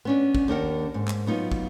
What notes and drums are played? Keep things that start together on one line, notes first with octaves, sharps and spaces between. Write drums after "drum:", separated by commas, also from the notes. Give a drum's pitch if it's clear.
B3 C#4 D4
drum: kick
D#2 D4 A#4 F#5
G#2
drum: clap
F#3 B3 D#4 F4
drum: kick